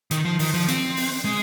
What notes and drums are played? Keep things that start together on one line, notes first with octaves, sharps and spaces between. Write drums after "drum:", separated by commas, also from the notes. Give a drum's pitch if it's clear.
D#3, drum: hi-hat
F3
D#3, drum: open hi-hat
F3
C4, drum: hi-hat
drum: open hi-hat
G#3